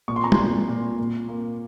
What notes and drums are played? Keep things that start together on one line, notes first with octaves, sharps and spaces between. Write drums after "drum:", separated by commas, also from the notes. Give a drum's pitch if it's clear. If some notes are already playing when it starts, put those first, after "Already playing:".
A#2 C#6
C6
A#5
C6, drum: tom
A#2
A#2
A#2
A#3